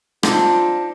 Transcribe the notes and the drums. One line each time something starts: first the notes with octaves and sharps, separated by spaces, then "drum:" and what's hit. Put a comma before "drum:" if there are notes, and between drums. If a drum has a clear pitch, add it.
C4 D4 D#4 F4, drum: rim click